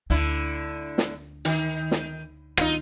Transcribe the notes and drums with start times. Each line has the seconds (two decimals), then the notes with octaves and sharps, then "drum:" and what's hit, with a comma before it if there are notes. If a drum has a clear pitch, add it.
0.10 D2 D3 D4 E4
0.98 drum: snare
1.45 D#3, drum: hi-hat
1.91 drum: snare
2.57 D#3 D#4 F4, drum: rim click